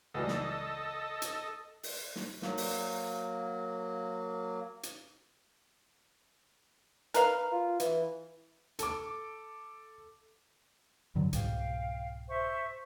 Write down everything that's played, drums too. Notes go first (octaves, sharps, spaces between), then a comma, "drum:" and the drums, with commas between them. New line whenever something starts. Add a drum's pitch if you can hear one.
C#2 E3 G3 A4 D#5
drum: snare
drum: hi-hat
drum: open hi-hat
drum: snare
F#3 A#3, drum: snare
drum: open hi-hat
drum: hi-hat
A#4 B4 F5, drum: hi-hat
F4
E3, drum: hi-hat
A4 D6, drum: hi-hat
G2 D3 F#3
C2 G#2 B2 F5 G5, drum: hi-hat
C5 E5 C#6